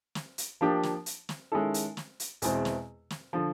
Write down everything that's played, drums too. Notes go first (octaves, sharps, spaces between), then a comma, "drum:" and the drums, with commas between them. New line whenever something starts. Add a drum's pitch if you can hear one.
drum: snare
drum: hi-hat
F3 A#3 D4 G4
drum: snare
drum: hi-hat
drum: snare
D#3 G#3 C#4 E4 A4
drum: hi-hat
drum: snare
drum: hi-hat
E2 B2 G#3 C4 E4, drum: hi-hat
drum: snare
drum: snare
D3 F3